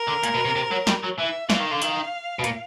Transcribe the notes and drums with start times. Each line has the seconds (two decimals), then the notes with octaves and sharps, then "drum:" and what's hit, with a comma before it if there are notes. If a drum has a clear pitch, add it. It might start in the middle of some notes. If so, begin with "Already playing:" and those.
Already playing: A#4
0.08 D3
0.24 A#2, drum: hi-hat
0.35 B2
0.45 C3
0.55 C3
0.71 F#3
0.87 G3, drum: snare
1.03 F#3
1.19 E3 E5
1.50 E3 F5, drum: snare
1.60 D#3
1.71 D3
1.82 D#3, drum: hi-hat
2.39 B2
2.44 A#2, drum: hi-hat